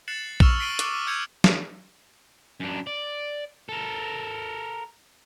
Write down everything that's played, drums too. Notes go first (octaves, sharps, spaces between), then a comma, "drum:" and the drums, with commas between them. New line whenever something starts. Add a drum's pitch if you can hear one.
F#6 A6 C7 C#7 E7 F#7
C#6 E6 F6 E7 F7, drum: kick A#1
B6 C7 D7 D#7 G7
C#6 D6 F#6 C#7, drum: hi-hat
E6 G6 G#6 C#7 F7
drum: snare
F#2 D4
D5
A4 A#4